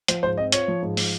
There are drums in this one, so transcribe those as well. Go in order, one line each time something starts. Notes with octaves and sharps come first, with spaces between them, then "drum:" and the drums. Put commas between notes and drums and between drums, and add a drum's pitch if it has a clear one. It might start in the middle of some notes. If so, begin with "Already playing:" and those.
F3 C5, drum: hi-hat
G#2 C5
C4 D#5
F4 C#5, drum: hi-hat
F3
G#2
F3, drum: open hi-hat